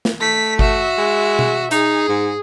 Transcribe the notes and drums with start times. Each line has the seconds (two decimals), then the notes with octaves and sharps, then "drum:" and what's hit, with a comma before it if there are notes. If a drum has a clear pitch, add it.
0.05 drum: snare
0.21 A3 B6
0.59 F#4 E5, drum: kick G1
0.98 G#3
1.39 drum: tom B2
1.71 D#4 G#4, drum: hi-hat
2.08 G#2